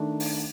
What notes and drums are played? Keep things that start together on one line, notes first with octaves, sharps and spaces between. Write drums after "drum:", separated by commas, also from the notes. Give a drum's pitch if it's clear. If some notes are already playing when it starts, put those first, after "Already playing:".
Already playing: D#3 A3 D4
drum: open hi-hat